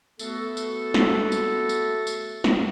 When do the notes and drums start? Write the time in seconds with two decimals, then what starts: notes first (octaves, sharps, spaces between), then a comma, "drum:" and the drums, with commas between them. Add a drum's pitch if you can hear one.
0.19 A3 B3 F#4 A4, drum: tambourine
0.57 drum: tambourine
0.94 drum: snare
1.32 drum: tambourine
1.69 drum: tambourine
2.07 drum: tambourine
2.44 drum: snare